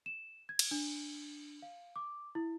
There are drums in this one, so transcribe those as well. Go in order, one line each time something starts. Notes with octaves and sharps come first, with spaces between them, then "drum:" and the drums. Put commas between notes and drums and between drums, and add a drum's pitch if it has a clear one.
E7
G#6
drum: cymbal
D4
F5
D6
E4